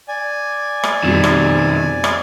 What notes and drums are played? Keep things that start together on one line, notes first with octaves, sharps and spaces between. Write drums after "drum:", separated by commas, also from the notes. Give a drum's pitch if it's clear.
D5 G#5
drum: rim click
F2 B2 D#3 G3 F#4
drum: rim click
drum: rim click